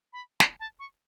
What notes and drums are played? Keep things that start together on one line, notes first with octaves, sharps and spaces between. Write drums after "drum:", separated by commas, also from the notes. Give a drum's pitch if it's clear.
B5
B5, drum: snare
A5
C#6